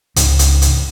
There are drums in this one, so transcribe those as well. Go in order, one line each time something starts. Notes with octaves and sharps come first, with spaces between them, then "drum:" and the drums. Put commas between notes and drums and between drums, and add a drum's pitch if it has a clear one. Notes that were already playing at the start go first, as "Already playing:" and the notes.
C#2 G#2, drum: hi-hat
drum: hi-hat
drum: hi-hat